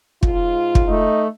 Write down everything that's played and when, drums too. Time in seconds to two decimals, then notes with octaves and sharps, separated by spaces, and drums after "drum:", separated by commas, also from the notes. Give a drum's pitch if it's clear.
0.23 G#2 F4, drum: kick
0.75 drum: kick
0.88 A3 D#4